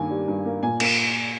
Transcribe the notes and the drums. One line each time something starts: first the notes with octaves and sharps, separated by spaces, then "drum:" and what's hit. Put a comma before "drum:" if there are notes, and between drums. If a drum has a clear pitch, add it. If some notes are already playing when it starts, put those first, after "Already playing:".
Already playing: G2 D#3 A#3 G#5
G3
G2
A#3
A#2 G#5
A#3, drum: cymbal